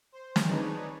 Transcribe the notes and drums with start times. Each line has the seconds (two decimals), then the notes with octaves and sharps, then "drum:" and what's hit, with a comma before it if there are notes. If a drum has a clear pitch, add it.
0.12 C5
0.36 drum: snare
0.46 D4 D#4 G#4 B4 C#5